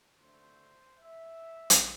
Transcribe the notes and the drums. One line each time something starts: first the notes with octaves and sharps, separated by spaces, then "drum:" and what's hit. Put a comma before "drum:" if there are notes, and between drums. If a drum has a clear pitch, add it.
D2 D3 A3 C4 C5
E5
drum: hi-hat